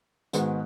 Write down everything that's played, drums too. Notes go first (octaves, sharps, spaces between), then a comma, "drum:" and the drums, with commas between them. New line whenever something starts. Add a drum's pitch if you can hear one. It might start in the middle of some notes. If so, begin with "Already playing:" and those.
G#2 D#3 G#3 B3 F#4, drum: hi-hat